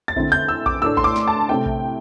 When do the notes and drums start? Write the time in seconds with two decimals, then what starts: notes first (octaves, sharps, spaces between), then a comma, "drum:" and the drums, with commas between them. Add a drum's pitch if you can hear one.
0.08 A6
0.16 D3 C4 E4, drum: kick A#1
0.32 G6
0.48 E6
0.66 D6, drum: kick A#1
0.82 A2 A3 D4 E6
0.97 C6, drum: kick A#1
1.04 D6
1.16 drum: snare
1.28 A5
1.49 C3 A3 C4 E4 G5
1.66 drum: kick A#1